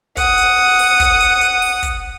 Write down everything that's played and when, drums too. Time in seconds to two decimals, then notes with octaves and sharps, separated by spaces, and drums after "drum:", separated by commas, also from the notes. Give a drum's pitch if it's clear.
0.17 F#5 D#6, drum: kick, hi-hat
0.38 drum: hi-hat
0.79 drum: open hi-hat
1.00 drum: kick, hi-hat
1.20 drum: hi-hat
1.41 drum: hi-hat
1.62 drum: open hi-hat
1.83 drum: kick, hi-hat